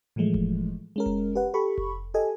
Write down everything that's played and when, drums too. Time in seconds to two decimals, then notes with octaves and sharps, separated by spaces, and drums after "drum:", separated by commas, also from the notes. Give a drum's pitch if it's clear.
0.16 A2 E3 F3 G#3 A3
0.34 drum: kick F1
0.96 G#3 C#4 A#4
1.06 drum: kick F1
1.35 G4 B4 F#5
1.54 G4 A4 B5 C#6
1.78 drum: kick F1
2.14 G4 A4 D#5 G#5